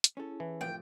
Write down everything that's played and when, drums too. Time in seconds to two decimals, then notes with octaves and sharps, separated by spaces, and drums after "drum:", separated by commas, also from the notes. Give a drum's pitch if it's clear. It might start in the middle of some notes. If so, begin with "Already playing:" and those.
0.04 drum: hi-hat
0.17 C#4 E4 G#4 A4
0.40 E3
0.61 A2 C3 F3 A#4 G5